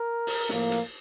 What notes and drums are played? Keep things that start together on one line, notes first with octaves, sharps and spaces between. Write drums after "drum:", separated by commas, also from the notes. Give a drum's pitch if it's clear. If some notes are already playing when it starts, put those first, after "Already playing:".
Already playing: A#4
drum: open hi-hat
A2 F3 A#3, drum: snare
drum: hi-hat